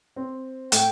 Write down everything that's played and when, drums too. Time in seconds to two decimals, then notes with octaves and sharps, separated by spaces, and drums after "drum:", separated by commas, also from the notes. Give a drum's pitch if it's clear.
0.16 C4
0.72 A2 G5, drum: hi-hat